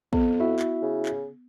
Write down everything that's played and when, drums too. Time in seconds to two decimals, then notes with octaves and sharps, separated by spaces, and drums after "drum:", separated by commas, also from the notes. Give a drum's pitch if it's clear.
0.13 F2 B3, drum: kick
0.40 E4 F#4 E5
0.59 drum: clap
0.82 C#3
1.05 drum: clap